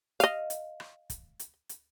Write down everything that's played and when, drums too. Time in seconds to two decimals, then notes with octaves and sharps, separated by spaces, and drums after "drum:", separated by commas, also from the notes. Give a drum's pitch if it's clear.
0.20 D#5 F5, drum: hi-hat
0.50 drum: hi-hat
0.80 drum: rim click
1.10 drum: kick, hi-hat
1.39 drum: hi-hat
1.69 drum: hi-hat